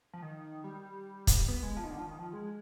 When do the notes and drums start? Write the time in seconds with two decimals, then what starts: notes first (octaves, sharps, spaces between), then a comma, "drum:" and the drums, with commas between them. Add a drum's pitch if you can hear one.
0.13 F3
0.22 D#3
0.64 G3
1.27 drum: kick, hi-hat
1.48 B3
1.63 G#3
1.77 F3
1.84 D#3
1.90 D3
1.98 F3
2.05 D#3
2.19 F3
2.33 G#3